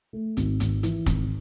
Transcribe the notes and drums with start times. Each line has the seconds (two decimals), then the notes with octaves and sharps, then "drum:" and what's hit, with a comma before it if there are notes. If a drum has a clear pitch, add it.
0.13 A3
0.37 G#1, drum: hi-hat
0.60 G#1, drum: hi-hat
0.83 E3, drum: hi-hat
1.06 G#1, drum: kick, hi-hat